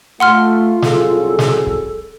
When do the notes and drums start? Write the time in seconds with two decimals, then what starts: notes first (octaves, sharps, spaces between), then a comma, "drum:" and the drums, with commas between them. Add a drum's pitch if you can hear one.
0.20 A3 F4 F#5 C6 F6
0.82 C2 F#2 G#4 A4, drum: snare
1.39 drum: snare
1.67 drum: kick